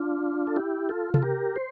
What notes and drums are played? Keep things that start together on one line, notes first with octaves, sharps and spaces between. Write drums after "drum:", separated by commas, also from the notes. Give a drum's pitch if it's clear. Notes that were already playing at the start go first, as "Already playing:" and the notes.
Already playing: D4 F4
A4
E4 G4
F4 A4
A4, drum: tom C3
G4 A#4
C5